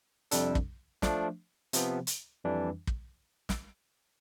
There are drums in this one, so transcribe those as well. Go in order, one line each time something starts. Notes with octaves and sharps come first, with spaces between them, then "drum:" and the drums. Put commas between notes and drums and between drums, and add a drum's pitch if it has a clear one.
F2 C3 G3 D4 A4, drum: hi-hat
drum: kick
F3 A3 D4, drum: snare
C3 F3 B3, drum: hi-hat
drum: hi-hat
F2 E3 G3 D4
drum: kick
drum: snare